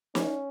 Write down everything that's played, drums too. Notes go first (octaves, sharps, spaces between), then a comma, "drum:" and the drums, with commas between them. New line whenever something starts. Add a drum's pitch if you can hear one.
C#4, drum: snare